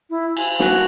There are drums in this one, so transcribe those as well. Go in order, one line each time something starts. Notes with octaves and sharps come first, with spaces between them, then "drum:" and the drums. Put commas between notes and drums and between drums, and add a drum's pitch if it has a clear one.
E4
G#5, drum: cymbal
F#4, drum: snare